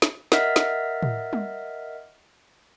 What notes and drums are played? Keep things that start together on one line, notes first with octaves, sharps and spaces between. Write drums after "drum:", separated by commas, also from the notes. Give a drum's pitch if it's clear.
drum: snare
A#4 D#5 E5 F#5 F6 B6, drum: snare
drum: snare
drum: tom A2
drum: tom G3